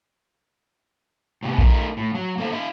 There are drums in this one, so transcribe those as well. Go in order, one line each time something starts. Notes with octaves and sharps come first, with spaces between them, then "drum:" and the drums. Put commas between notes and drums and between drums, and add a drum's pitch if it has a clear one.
A2 C3 B3
A3 D#4 A#4, drum: kick A#1
A2
F#3
A#3 A4 C5
D#4 F4 E5